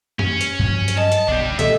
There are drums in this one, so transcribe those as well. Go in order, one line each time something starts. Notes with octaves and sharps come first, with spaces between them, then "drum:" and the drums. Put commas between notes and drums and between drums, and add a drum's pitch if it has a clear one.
C#4 G4, drum: tom F#2
drum: hi-hat
G2 F3 F#3
drum: hi-hat
D#5 A5
drum: hi-hat
F#1 B1 D4 G4
A#2 D#3 G#3 G4 A4 D#5 E5, drum: hi-hat